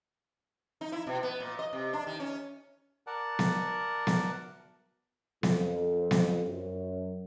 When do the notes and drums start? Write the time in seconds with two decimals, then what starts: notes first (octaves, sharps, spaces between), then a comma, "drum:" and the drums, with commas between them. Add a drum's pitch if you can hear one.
0.81 D#4
0.92 E4
1.07 B2
1.23 B3
1.40 A#2
1.59 D#5
1.73 C3
1.93 D4
2.07 D#3
2.20 C#4
3.07 A#4 D5 F#5 A5
3.39 drum: snare B3
4.07 drum: snare B3
5.43 F2, drum: snare B3
6.11 drum: snare B3
6.44 F#2